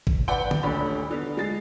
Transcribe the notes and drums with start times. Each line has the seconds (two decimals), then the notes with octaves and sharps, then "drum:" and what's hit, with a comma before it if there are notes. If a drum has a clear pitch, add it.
0.07 drum: kick G#1
0.28 B4 D5 F#5 G5
0.51 drum: tom D3
0.63 D#1 D2 C#4 D4 B5
1.11 D3 B3
1.37 G#3 A6 C7